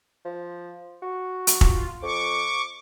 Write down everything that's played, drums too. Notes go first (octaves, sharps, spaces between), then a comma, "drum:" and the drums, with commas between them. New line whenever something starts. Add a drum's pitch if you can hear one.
F3
F#4
drum: hi-hat
F4, drum: kick
F2 C#6 D6